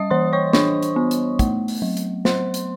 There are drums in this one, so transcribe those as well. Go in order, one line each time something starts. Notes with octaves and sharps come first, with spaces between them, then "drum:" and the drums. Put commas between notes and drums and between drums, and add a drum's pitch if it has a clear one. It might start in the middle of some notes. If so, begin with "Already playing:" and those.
Already playing: G3 D#5 D#6
E3 C5 C6
C#5 C#6
D4 C#5 C#6, drum: snare
drum: hi-hat
B3
drum: hi-hat
A3, drum: kick, hi-hat
drum: open hi-hat
F#3
drum: hi-hat
F#3 C5 C6, drum: snare
drum: hi-hat